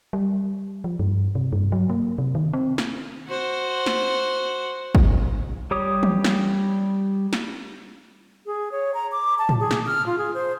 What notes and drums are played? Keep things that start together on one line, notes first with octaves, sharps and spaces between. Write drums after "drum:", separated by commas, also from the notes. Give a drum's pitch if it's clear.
G3
F3
G2
C3
G2
F#3
A#3
C3
D#3
C4
drum: snare
F#4 C5
drum: snare
drum: kick
G3 G4 C#5 D6 D#6
drum: tom E3
drum: snare
drum: snare
G#4
C#5
A#5
D6
A5
drum: tom A2
G#4
drum: snare
F6
F4
G#4
C5